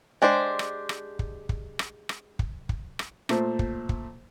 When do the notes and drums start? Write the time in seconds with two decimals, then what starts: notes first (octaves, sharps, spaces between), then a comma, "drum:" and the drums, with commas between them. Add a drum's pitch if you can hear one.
0.22 G#3 D4 G4 C5
0.59 drum: rim click
0.89 drum: rim click
1.19 drum: kick
1.49 drum: kick
1.79 drum: rim click
2.09 drum: rim click
2.39 drum: kick
2.69 drum: kick
2.99 drum: rim click
3.29 A#2 A3 C5, drum: rim click
3.59 drum: kick
3.89 drum: kick